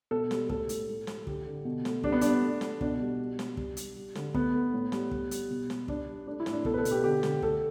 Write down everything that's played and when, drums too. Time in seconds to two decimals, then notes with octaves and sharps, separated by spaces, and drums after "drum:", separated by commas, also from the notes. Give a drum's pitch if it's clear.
0.11 B2 A4
0.31 G3, drum: snare
0.49 A2 A4, drum: kick
0.69 A2, drum: hi-hat
0.89 A2
1.07 G3, drum: snare
1.27 D3 G4, drum: kick
1.46 D3
1.65 B2
1.85 A3, drum: snare
2.04 G3 D4, drum: kick
2.12 B3
2.21 G3 D4, drum: hi-hat
2.42 A3
2.61 A3, drum: snare
2.81 B2 D4, drum: kick
3.00 G3
3.19 G3
3.39 G3, drum: snare
3.57 G3, drum: kick
3.77 G3, drum: hi-hat
3.96 G3
4.15 D3, drum: snare
4.34 A3 B3, drum: kick
4.54 A3
4.73 A2
4.92 G3, drum: snare
5.11 G3, drum: kick
5.31 G3, drum: hi-hat
5.50 B2
5.70 G3, drum: snare
5.88 G3 D4, drum: kick
6.08 G3
6.27 A3 D4
6.40 E4
6.46 A2, drum: snare
6.52 D4
6.65 B2 A4, drum: kick
6.74 B4
6.78 A4
6.85 B2, drum: hi-hat
6.91 G4
7.04 D3 G4
7.23 D3, drum: snare
7.42 A3 A4, drum: kick